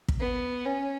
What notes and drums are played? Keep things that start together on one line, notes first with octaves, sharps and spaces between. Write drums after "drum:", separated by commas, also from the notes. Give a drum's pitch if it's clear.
drum: kick
B3
C#4